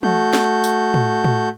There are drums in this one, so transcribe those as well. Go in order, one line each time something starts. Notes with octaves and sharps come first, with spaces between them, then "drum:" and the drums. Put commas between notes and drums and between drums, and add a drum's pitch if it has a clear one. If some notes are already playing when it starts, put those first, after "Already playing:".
A3 F#4 G6, drum: tom
drum: snare
drum: tambourine
drum: tom
drum: tom